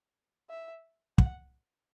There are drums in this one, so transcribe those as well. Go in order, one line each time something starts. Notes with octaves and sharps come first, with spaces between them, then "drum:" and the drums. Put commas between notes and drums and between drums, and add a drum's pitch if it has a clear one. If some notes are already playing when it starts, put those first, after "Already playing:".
E5
F#5, drum: kick